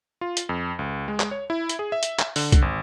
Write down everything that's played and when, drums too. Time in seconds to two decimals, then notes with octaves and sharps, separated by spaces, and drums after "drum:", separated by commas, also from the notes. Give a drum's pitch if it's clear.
0.21 F4
0.37 drum: hi-hat
0.49 F2
0.79 C#2
1.08 G#3
1.20 drum: clap
1.31 C#5
1.50 E4
1.69 drum: hi-hat
1.79 G#4
1.92 E5
2.03 drum: hi-hat
2.19 drum: clap
2.36 D3, drum: open hi-hat
2.52 drum: kick, hi-hat
2.62 G#1